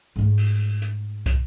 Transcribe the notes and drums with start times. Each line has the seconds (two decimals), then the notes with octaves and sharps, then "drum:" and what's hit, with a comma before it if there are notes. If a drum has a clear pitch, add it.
0.16 G#2 A3
0.38 drum: open hi-hat
0.82 drum: hi-hat
1.26 drum: kick, hi-hat